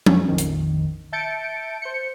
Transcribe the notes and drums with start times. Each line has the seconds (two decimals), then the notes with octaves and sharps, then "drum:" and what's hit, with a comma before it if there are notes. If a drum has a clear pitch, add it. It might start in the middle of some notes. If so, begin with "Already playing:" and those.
0.06 F2 C#4, drum: tom F3
0.28 A#1 F2 D#3
0.38 drum: hi-hat
1.12 E5 A5 G6 A6 C#7 D7
1.82 C5 G6 C#7